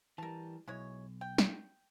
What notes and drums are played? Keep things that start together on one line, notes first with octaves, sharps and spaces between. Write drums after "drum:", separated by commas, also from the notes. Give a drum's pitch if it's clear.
E3 G3 A#4 A5
B1 G#3 E4 C#5
G5
drum: snare